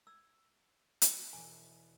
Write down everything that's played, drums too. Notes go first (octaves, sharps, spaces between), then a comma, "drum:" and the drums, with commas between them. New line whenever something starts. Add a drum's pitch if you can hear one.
E6 G#6
drum: hi-hat
E1 E3 G#5